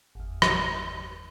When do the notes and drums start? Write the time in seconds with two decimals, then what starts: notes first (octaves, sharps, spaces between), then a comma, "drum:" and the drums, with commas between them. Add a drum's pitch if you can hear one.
0.15 G1 E2
0.42 drum: rim click